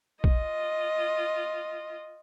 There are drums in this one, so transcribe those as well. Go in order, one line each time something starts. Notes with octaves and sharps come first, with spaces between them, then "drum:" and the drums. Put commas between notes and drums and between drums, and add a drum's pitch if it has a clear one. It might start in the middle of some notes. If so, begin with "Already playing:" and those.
F4 D#5, drum: kick A#1